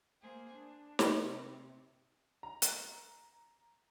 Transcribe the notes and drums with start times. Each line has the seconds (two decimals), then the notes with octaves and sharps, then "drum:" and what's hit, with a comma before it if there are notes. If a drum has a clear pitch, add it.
0.22 A#3 G#4 C5
0.54 D4
0.99 drum: snare
1.20 C3
2.43 A#5
2.62 drum: hi-hat